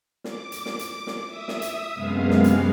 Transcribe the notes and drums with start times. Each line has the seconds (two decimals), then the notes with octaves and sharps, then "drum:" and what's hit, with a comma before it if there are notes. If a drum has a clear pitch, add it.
0.24 D6, drum: snare
0.52 drum: hi-hat
0.66 drum: snare
0.79 drum: hi-hat
1.07 drum: snare
1.27 E5 D#6
1.48 drum: snare
1.62 drum: hi-hat
1.94 F#2 C3 G#3 B3 F5
2.30 drum: snare
2.44 drum: hi-hat